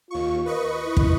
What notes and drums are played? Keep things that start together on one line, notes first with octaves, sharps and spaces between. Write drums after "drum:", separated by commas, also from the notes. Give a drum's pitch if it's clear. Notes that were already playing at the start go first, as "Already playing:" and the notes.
D#2 F4 C#6
A#4 B4 D#5 C#6
E4
drum: kick